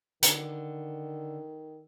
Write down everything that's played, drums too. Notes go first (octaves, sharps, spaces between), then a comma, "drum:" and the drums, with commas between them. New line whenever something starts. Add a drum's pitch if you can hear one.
D3 D#3, drum: hi-hat